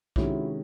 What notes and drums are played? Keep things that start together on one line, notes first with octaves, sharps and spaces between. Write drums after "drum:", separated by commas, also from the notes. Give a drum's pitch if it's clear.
C3 D#3 G#3 C#4 E4 F#4, drum: kick B1